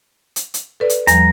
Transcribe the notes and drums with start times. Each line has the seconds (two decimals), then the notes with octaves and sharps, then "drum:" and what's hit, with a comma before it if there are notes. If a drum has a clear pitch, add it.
0.36 drum: hi-hat
0.54 drum: hi-hat
0.80 A4 B4 D5
0.90 drum: hi-hat
1.07 E2 F3 G3 A#5, drum: hi-hat